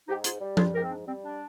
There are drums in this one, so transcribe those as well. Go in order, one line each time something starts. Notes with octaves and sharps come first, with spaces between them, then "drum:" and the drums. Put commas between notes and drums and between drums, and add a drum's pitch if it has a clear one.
G#2 D#4 G4
F4 G#4, drum: hi-hat
G3
F4 G#4, drum: tom F3
G#2 G4 A#4
C4
D4
G3 C4
D4